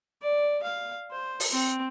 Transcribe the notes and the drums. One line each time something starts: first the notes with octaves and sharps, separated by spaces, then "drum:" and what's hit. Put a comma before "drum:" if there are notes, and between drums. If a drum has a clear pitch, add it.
D5
F5
C5
drum: open hi-hat
C4